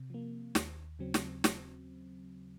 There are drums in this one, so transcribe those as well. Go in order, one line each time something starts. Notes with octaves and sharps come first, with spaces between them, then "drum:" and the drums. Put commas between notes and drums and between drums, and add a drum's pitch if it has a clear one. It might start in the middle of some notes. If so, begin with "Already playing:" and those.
Already playing: C3
F3 A#3
D#2, drum: snare
C#3 F#3 C4
drum: snare
drum: snare